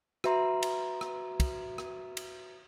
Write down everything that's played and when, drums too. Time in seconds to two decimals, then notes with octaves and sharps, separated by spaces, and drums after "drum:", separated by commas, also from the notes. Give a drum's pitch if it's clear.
0.24 F#4 B4 E5 A#5 C6, drum: rim click
0.63 drum: cymbal
1.01 drum: rim click
1.40 drum: kick, cymbal
1.78 drum: rim click
2.17 drum: cymbal